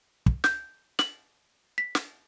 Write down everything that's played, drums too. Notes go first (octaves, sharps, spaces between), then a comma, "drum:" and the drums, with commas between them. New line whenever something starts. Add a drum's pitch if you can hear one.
drum: kick
G6, drum: snare
F#7, drum: snare
B6
drum: snare